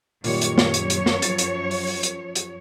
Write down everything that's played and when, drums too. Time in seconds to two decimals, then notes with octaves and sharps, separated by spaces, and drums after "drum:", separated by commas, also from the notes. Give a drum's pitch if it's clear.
0.24 F#2 A#2 D#3 G3 C#5, drum: open hi-hat
0.41 drum: hi-hat
0.58 drum: snare
0.74 drum: hi-hat
0.90 drum: hi-hat
1.06 drum: snare
1.22 F3 A6, drum: hi-hat
1.38 drum: hi-hat
1.71 drum: open hi-hat
1.87 drum: open hi-hat
2.03 drum: hi-hat
2.35 drum: hi-hat